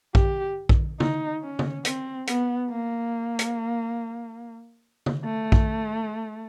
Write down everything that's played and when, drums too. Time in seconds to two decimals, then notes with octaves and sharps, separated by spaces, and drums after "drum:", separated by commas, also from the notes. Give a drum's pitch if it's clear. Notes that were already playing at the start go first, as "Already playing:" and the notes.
0.15 G4, drum: kick A#1
0.69 drum: kick A#1
1.00 D#4, drum: tom
1.42 C#4
1.59 drum: tom
1.85 C4, drum: hi-hat
2.27 B3, drum: hi-hat
2.70 A#3
3.39 drum: hi-hat
5.06 drum: tom
5.25 A3
5.52 drum: kick A#1